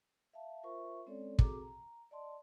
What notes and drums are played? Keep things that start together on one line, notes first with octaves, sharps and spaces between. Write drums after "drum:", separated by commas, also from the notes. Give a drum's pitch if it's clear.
E5 F5 A5
F4 A#4 C5 E5 C#6
G#3 C4 C#4 A4 C#5 D5
C4 F#4 G#4 A4 A#5 D6, drum: kick
A#5
D5 D#5 A5 C6